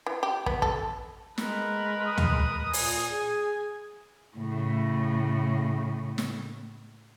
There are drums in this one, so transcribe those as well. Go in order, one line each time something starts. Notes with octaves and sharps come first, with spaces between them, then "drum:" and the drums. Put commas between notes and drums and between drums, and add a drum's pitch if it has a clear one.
E3
G4
B3, drum: kick
A4, drum: kick
G#3 A#4 B4, drum: snare
D#6
drum: tom D2
A#2 G#5, drum: open hi-hat
G#4
A2 C#3
drum: snare